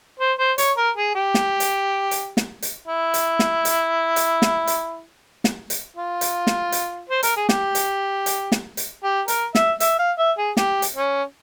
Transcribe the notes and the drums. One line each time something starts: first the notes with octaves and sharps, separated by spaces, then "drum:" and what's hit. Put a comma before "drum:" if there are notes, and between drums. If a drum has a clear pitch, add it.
C5
C5
C#5, drum: hi-hat
A#4
G#4
G4
drum: snare
drum: hi-hat
drum: hi-hat
drum: snare
drum: hi-hat
E4
drum: hi-hat
drum: snare
drum: hi-hat
drum: hi-hat
drum: snare
drum: hi-hat
drum: snare
drum: hi-hat
F4
drum: hi-hat
drum: snare
drum: hi-hat
C5
A#4, drum: hi-hat
G#4
G4, drum: snare
drum: hi-hat
drum: hi-hat
drum: snare
drum: hi-hat
G4
A#4, drum: hi-hat
E5, drum: snare
E5, drum: hi-hat
F5
E5
G#4
G4, drum: snare
drum: hi-hat
C#4